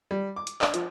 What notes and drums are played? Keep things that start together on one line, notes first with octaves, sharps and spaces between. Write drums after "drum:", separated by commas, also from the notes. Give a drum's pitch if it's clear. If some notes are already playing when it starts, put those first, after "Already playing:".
G3
D6
drum: hi-hat
D4, drum: clap
F3, drum: hi-hat